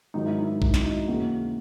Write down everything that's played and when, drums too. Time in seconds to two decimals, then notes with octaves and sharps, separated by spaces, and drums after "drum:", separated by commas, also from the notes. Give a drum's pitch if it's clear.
0.14 G#2 D#3 F#3 D#4
0.26 E4
0.38 D#4
0.50 E4
0.62 D#4, drum: kick
0.74 E4, drum: snare
0.86 D#4
1.08 D#2 C#3 E3 F#4